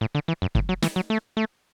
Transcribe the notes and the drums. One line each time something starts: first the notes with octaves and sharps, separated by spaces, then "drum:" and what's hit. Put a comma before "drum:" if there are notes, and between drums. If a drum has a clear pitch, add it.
A2
D3
E3
F#2
A2, drum: kick
F#3
E3, drum: snare
F#3
A3
A3